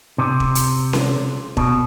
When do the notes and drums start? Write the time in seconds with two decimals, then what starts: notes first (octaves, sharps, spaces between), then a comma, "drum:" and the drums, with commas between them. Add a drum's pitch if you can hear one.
0.18 C3
0.40 drum: kick E1
0.55 drum: hi-hat
0.93 drum: snare C#4
1.57 B2, drum: kick E1